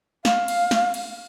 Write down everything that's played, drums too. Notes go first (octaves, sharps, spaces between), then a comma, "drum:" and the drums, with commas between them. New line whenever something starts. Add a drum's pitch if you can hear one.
F5, drum: snare
drum: cymbal
drum: snare
drum: cymbal